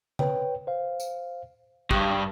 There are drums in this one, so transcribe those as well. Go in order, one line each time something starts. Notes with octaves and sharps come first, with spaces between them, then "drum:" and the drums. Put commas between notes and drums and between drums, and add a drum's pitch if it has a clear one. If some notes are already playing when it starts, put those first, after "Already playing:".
B4 C#5 G5, drum: tom C#3
C5 F5
drum: tambourine
G2 C#6 D#6, drum: kick